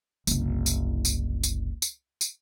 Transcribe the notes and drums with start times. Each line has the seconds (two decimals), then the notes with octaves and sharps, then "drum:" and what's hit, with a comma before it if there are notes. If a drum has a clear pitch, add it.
0.27 F#1 C2, drum: tambourine
0.66 drum: tambourine
1.05 drum: tambourine
1.43 drum: tambourine
1.82 drum: tambourine
2.21 drum: tambourine